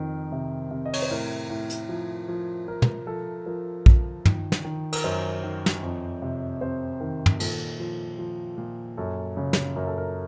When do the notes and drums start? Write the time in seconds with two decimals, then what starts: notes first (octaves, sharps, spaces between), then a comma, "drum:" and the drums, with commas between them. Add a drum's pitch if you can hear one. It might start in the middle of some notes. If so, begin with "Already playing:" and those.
Already playing: F2 D#3 A#4
0.32 C3
0.71 C3
0.86 D#5
0.93 C#5, drum: cymbal
1.02 C5
1.10 A2 A#4
1.50 A2
1.70 drum: hi-hat
1.89 F3
2.28 F3
2.67 F3 A#4
2.82 drum: tom
3.07 F3 A4
3.46 F3 A#4
3.86 F3, drum: kick
4.25 D#3, drum: tom
4.52 drum: snare
4.65 D#3
4.93 A#4, drum: cymbal
5.04 F#2 C5
5.43 D#3
5.66 drum: snare
5.83 F2
6.22 C3
6.61 C3 C5
7.00 D#3 A#4
7.26 drum: tom
7.40 A#2 A4, drum: cymbal
7.80 F3
8.18 F3
8.58 A#2
8.97 F#2 A4
9.37 C#3
9.53 drum: snare
9.76 F#2 A#4
9.87 A4
9.98 A#4